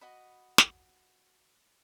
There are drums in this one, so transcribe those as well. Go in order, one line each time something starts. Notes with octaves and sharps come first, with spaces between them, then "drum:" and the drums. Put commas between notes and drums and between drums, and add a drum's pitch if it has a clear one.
F#4 D#5 B5
drum: snare